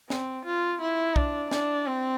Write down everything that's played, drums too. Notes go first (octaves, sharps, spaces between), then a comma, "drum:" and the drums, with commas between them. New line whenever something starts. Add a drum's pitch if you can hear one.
C4, drum: snare
F4
E4
D4, drum: kick
D4, drum: snare
C4